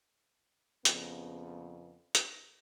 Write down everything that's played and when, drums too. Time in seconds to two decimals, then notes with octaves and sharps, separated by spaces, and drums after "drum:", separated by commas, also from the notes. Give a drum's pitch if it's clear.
0.85 F2 C#3 B3, drum: hi-hat
2.15 drum: hi-hat